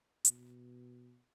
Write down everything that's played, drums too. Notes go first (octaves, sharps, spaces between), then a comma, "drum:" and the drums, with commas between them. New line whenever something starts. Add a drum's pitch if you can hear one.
B2, drum: hi-hat